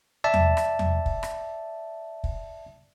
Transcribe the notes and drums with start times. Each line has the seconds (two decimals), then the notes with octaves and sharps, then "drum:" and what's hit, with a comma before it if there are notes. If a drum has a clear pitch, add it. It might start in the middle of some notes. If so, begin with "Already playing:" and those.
0.24 D5 E5 A5
0.34 drum: tom E2
0.57 drum: rim click
0.79 drum: tom E2
1.06 drum: kick
1.23 drum: rim click
2.24 drum: kick